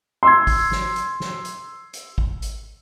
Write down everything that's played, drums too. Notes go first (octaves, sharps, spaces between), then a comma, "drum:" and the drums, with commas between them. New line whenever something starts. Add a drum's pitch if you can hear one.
C6 E6 G#6
drum: kick G#1, open hi-hat
drum: snare
drum: hi-hat
drum: snare
drum: hi-hat
drum: hi-hat
drum: kick G#1
drum: hi-hat